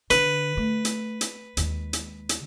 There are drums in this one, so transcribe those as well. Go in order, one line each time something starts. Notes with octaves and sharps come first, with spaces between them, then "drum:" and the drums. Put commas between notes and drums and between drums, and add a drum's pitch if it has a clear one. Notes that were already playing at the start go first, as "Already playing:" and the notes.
D3 B4, drum: hi-hat
A3
drum: hi-hat
drum: hi-hat
D#2 G#3, drum: hi-hat
drum: hi-hat
drum: hi-hat